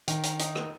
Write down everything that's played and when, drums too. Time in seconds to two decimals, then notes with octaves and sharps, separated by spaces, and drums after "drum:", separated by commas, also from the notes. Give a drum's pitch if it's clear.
0.08 D#3, drum: hi-hat
0.23 drum: hi-hat
0.39 D#4, drum: hi-hat
0.55 drum: rim click